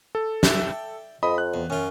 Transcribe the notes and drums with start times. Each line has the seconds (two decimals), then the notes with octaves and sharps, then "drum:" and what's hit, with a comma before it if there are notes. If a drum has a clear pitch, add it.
0.15 A4
0.43 D5 E5 G5, drum: snare
1.23 F2 D#5 B5 D#6
1.38 F#6
1.54 E2
1.70 F#2 C#4 F4